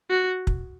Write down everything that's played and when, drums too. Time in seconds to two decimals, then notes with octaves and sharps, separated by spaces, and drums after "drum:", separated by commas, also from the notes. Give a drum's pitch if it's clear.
0.10 F#4
0.47 drum: kick